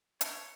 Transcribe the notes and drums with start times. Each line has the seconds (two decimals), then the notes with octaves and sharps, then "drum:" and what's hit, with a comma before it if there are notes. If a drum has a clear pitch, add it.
0.21 C#5, drum: hi-hat